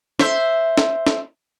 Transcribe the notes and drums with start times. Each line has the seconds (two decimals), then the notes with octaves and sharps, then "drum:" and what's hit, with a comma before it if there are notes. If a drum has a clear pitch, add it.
0.19 C5 E5, drum: snare
0.78 drum: snare
1.07 drum: snare